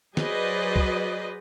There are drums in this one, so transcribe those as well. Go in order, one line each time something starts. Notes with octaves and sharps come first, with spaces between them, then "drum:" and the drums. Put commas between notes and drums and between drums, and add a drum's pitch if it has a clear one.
F#3 G#4 B4 C5 D5 D#5, drum: snare
drum: kick B1